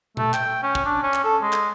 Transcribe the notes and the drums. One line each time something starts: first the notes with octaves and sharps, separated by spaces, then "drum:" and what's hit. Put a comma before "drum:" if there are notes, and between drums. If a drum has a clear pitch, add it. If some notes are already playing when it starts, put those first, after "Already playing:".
A3, drum: tom A#2
G5, drum: clap
C#4
drum: kick
D4
C#4
drum: clap
A4
G#3
drum: clap